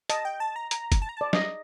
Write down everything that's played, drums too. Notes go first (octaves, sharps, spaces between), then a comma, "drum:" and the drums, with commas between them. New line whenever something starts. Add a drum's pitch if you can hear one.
D#5 A5, drum: hi-hat
G5
A5
A#5
A#5, drum: hi-hat
drum: kick F#1, hi-hat
A5
A#5
D5 A5
D#5, drum: snare